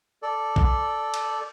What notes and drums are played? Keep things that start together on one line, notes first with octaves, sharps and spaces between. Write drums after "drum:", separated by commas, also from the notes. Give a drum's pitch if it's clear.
A4 D5
drum: kick
drum: cymbal